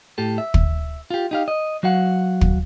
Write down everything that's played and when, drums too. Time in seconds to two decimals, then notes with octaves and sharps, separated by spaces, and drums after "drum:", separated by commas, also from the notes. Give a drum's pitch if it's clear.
0.18 A2 G4 A4
0.38 E5
0.54 drum: kick
1.11 F4 G4
1.31 D#4 G4 F5
1.48 D#5
1.83 F#3 F#4 F5 F#5
2.41 drum: kick